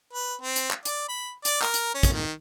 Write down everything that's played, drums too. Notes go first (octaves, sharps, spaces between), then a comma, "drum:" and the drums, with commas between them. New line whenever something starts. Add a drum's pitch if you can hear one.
B4
C4
drum: hi-hat
drum: clap
D5, drum: hi-hat
B5
D5, drum: hi-hat
A#4, drum: clap
drum: hi-hat
C#4
drum: kick, hi-hat
D#3